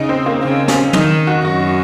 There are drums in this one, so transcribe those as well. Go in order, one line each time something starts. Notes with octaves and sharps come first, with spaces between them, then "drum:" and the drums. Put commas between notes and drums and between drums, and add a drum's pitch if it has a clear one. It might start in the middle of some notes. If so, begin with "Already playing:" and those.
Already playing: C#3 D#4
C4
A#3
C#3 C4
C#4, drum: snare
D#3 D#4, drum: tom
F#4
F#2 F#4